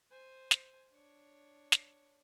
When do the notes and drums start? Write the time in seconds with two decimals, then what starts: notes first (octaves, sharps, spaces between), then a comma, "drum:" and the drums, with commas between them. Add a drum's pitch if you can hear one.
0.11 C5 G#5
0.51 drum: snare
0.91 D4 C#5
1.72 drum: snare